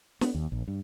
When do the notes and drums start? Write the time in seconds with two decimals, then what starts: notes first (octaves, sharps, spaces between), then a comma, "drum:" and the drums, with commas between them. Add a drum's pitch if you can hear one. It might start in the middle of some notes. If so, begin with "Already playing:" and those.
0.21 B3, drum: snare
0.35 D#2
0.52 A#1
0.68 G2